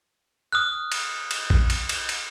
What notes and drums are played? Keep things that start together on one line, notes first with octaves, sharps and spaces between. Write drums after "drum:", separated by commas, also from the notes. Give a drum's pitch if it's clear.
D#6 F6 F#6
drum: cymbal
drum: cymbal
drum: kick A#1
drum: cymbal
drum: cymbal
drum: cymbal